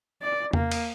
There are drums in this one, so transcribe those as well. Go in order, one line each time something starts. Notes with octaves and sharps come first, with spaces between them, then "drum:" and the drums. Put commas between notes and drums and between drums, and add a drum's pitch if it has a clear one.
D5
A#3, drum: tom E2
drum: cymbal